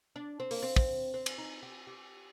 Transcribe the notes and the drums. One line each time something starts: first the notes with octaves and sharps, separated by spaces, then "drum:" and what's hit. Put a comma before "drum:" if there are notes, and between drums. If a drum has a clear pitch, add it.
D4
C4
A#3, drum: open hi-hat
C4
C4, drum: kick
C4
drum: cymbal
D#4
G4
G4